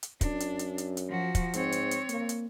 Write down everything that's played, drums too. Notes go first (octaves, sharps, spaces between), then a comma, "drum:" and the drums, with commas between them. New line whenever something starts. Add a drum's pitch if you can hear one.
drum: hi-hat
F#2 D4, drum: kick, hi-hat
drum: hi-hat
drum: hi-hat
drum: hi-hat
drum: hi-hat
F3 F#4
drum: kick, hi-hat
G#2 C4 C#5, drum: hi-hat
drum: hi-hat
drum: hi-hat
A#3, drum: hi-hat
drum: hi-hat